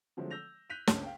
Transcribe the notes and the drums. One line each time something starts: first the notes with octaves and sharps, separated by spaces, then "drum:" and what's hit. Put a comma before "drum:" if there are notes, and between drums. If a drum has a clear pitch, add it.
D3 F3 F#3 G#3 A3 C4
E6 G6 A#6 F7
F#6 G6 B6 D#7 F7
C#2 A#3 C#4 D4 A5, drum: snare
F5 G5